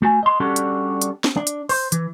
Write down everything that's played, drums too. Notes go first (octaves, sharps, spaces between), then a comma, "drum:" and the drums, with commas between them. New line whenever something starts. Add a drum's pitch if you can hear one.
A3 F#4 G#5
D#5 C6
G3 C#4 D4 F#4 G4 A4
drum: hi-hat
drum: hi-hat
drum: snare
D4
drum: hi-hat
C5, drum: open hi-hat
E3, drum: hi-hat